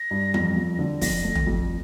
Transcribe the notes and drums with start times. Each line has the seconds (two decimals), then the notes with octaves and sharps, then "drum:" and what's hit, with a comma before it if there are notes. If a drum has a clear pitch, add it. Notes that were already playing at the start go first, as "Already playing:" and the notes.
Already playing: A#6
0.11 G2
0.34 F2, drum: tom E3
0.56 F2
0.79 D3
1.01 F2 A#6, drum: kick, open hi-hat
1.24 A3
1.35 drum: tom
1.47 F2